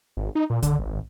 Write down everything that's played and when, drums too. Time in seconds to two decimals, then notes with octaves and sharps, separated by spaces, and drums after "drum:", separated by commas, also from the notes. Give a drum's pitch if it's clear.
0.17 G#1
0.35 D#4
0.50 A#2
0.62 D3, drum: kick C2, hi-hat
0.79 G#1